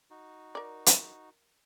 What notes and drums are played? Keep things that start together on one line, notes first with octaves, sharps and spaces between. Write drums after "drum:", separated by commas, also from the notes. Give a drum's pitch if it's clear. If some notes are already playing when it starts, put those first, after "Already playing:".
D#4 F#4
A#4 D5
drum: hi-hat